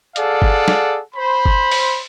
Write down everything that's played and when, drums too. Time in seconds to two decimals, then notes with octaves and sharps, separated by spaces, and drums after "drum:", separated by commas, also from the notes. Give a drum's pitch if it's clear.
0.16 G#4 A4 D5 F5 F#5, drum: hi-hat
0.42 drum: kick G1
0.68 drum: snare
1.15 C5 B5
1.46 drum: kick G1
1.71 drum: open hi-hat